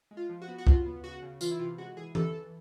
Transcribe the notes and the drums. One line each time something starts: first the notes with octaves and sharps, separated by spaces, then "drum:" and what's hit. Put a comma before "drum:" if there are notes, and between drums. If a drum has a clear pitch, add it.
G#3
F4
F3
F#4
B3
F#4
C#3 F4, drum: kick
B3
C#3 F#4
C#3
E3 F4, drum: tambourine
E4
C3 F4
G#3 F#4
E3 G#4
E3 A4, drum: tom E3
E3